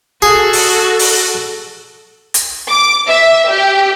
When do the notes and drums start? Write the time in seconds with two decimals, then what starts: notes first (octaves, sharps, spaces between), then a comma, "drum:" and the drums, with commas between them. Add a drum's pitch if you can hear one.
0.22 F#4 G#4 A4
0.53 drum: open hi-hat
0.99 drum: open hi-hat
2.34 drum: hi-hat
2.68 D6
3.07 E5
3.49 G4